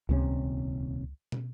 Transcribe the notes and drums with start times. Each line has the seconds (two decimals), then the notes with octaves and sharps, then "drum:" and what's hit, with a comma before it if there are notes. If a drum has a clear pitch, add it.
0.09 D#1 C#2 C3 C#4
1.32 drum: tom